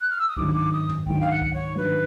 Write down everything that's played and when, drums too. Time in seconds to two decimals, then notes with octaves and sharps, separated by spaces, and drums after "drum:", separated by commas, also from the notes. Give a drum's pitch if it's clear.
0.01 F#6
0.10 F6
0.19 E6
0.28 D#6
0.37 G#1 G2 D#3 F#3 D6, drum: kick C#2
0.54 D6
0.72 D#6
0.89 drum: tom
1.07 G#1 G2 D#3 F#3 G5, drum: kick C#2
1.21 F5
1.30 F#5
1.41 drum: kick C#2
1.53 C#5
1.76 G#1 G2 D#3 F#3 B4